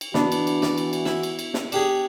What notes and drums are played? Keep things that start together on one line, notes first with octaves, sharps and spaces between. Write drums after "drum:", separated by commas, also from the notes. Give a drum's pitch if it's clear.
drum: cymbal
E3 B3 D4 F#4, drum: snare
drum: cymbal
drum: cymbal
D5, drum: snare
drum: cymbal
drum: cymbal
E4, drum: snare
drum: cymbal
drum: cymbal
drum: snare
D4 G4 G#4, drum: cymbal